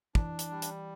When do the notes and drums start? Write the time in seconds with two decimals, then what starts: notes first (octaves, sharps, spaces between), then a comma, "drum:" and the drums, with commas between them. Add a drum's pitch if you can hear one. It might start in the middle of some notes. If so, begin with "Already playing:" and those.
0.15 E3 D4, drum: kick
0.39 drum: hi-hat
0.51 G3
0.62 drum: hi-hat